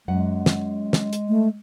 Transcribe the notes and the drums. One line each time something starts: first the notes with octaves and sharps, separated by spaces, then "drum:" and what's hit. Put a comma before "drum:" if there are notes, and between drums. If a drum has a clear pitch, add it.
F#2 G#3 F#5
drum: snare
drum: snare
drum: hi-hat
A3